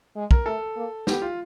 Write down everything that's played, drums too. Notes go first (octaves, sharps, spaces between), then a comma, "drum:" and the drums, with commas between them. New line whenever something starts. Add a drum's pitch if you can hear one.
G#3
A#4, drum: kick
A3 A4
A#3
B3 G4, drum: snare
F4